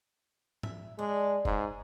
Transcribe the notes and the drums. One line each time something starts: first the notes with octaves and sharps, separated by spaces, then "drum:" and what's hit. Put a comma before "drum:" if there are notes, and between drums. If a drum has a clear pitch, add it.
E5, drum: tom G#2
G#3 D4
G#2 G#4, drum: kick F1